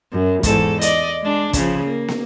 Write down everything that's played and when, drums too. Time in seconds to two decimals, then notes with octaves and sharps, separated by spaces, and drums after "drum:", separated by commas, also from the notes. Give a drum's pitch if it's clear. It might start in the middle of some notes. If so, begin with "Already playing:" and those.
0.12 F#2
0.43 E2 G#2 A4, drum: kick, hi-hat
0.81 D5 D#5, drum: hi-hat
1.22 G#3 D4
1.53 C#3 F3, drum: kick, hi-hat
1.85 A#3
2.08 drum: snare